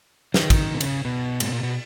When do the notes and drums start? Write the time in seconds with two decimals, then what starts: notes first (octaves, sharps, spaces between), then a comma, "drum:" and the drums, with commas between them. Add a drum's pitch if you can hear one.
0.34 D#3, drum: snare
0.50 drum: kick, cymbal
0.74 B2
0.80 C#3, drum: cymbal
1.05 B2
1.40 G#2, drum: cymbal
1.52 A#2
1.63 B2